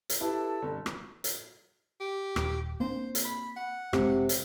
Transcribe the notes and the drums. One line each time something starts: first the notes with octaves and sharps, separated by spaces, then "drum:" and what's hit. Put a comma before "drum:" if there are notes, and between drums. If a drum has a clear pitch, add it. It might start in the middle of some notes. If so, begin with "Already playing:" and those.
drum: hi-hat
E4 G4 A4 B4 A5 E6
G1
drum: rim click
drum: hi-hat
G4
D#1, drum: rim click
A#3 C4 D4 C5
drum: hi-hat
B5
F#5
F#1 C3 G#3, drum: rim click
drum: hi-hat